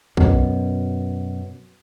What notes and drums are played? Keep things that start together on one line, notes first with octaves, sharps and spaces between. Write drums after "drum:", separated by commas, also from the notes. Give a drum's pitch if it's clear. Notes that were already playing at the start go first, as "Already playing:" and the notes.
F#2 B2, drum: kick